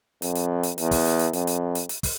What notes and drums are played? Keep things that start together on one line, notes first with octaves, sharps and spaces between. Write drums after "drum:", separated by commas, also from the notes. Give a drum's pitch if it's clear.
F2, drum: hi-hat
drum: hi-hat
drum: hi-hat
E2, drum: hi-hat
drum: kick, open hi-hat
drum: hi-hat
drum: hi-hat
F2, drum: hi-hat
drum: hi-hat
drum: hi-hat
drum: hi-hat
drum: kick, open hi-hat